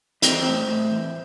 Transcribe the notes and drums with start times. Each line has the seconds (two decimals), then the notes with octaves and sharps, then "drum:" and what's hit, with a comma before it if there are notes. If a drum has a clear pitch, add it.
0.22 E3 C4 C5, drum: hi-hat
0.45 A2
0.67 A2
0.91 E3